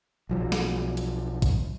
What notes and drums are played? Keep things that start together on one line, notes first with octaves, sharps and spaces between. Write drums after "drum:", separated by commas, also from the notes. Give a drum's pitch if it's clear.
B1 F3 F#3
drum: snare
drum: hi-hat
drum: kick, hi-hat